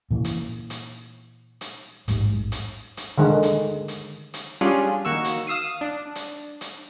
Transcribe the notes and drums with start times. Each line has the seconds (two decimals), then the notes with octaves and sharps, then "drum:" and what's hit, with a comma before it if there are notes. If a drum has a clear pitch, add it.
0.11 A#2 E3
0.25 drum: hi-hat
0.70 drum: hi-hat
1.61 drum: hi-hat
2.08 A1 E2 G#2, drum: hi-hat
2.52 drum: hi-hat
2.97 drum: hi-hat
3.18 D3 D#3 G#3
3.43 drum: hi-hat
3.88 drum: hi-hat
4.34 drum: hi-hat
4.61 G3 C#4 D4 F4 G#4
5.05 D#3 A#3 F#4 C#6 E6
5.25 drum: hi-hat
5.47 F5 D#6 E6 C7 D#7
5.81 D4
6.15 drum: hi-hat
6.61 drum: hi-hat